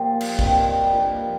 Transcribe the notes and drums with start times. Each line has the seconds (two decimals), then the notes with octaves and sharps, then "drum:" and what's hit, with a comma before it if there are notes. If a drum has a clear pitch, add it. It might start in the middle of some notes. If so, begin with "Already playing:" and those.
Already playing: A#2 F3 F4 G4
0.21 drum: cymbal
0.39 G2 D#3 C4, drum: kick G1
0.83 G3
0.93 G2 F3 A#3